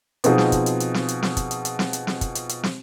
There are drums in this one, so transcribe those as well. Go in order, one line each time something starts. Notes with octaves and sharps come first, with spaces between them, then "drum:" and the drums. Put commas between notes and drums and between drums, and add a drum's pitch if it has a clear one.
B2 F3 C4 D#4 F4 G#4, drum: hi-hat
drum: snare
drum: kick, hi-hat
drum: hi-hat
drum: hi-hat
drum: snare
drum: hi-hat
drum: snare
drum: kick, hi-hat
drum: hi-hat
drum: hi-hat
drum: snare
drum: hi-hat
drum: snare
drum: kick, hi-hat
drum: hi-hat
drum: hi-hat
drum: snare